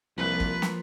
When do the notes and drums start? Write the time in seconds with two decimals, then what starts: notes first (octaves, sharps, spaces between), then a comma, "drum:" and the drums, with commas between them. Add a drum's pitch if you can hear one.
0.18 C2 F3 A#3 B4
0.40 drum: kick
0.62 drum: snare